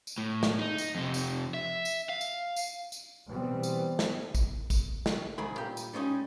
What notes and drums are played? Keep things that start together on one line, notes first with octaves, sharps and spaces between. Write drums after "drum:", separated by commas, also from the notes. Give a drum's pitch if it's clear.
drum: tambourine
A2
drum: snare
D#4
drum: tambourine
F2 C3
drum: tambourine
E5
drum: tambourine
F5
drum: tambourine
drum: tambourine
drum: tambourine
B2 E3 G3 B3 C4
drum: tambourine
drum: snare
drum: kick A1, tambourine
drum: kick A1, tambourine
drum: snare
C2 G#2 D#3 G#4 B5
G2 A#2 G4
drum: tambourine
G3 G#3 C#4 D#4